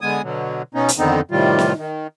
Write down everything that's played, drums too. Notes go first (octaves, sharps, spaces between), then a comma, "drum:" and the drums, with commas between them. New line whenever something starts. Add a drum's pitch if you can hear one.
D3 G#3 B3 G#5 D#6
B2 D3 F#3
B2 B3 C#4 D#4
drum: hi-hat
F2 D3 D#3 B3 C4 D#4
A2 C3 D#3 G3 F4
drum: snare
D#3